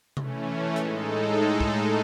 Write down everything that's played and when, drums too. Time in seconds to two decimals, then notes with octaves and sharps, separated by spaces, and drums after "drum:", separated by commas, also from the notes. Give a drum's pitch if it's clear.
0.17 E3 A3 C#4, drum: tom C3
0.76 A2 G#3 D#4 A4, drum: hi-hat
1.60 drum: kick